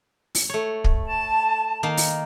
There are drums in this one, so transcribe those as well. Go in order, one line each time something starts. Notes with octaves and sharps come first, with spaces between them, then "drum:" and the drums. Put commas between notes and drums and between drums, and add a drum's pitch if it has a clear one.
drum: open hi-hat
A3 C#5
drum: kick
A5
D#3 A#3
drum: open hi-hat